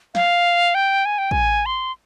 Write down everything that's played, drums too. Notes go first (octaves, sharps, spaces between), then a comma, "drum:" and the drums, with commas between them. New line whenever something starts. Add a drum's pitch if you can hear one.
F5, drum: snare
G5
G#5
G5
G#5, drum: kick
C6